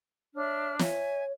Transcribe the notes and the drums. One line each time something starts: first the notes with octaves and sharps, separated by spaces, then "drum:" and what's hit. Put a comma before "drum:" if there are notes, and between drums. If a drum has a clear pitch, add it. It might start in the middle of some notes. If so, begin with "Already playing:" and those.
D4 C#5 E5 F6
C#5 E5 G#5, drum: snare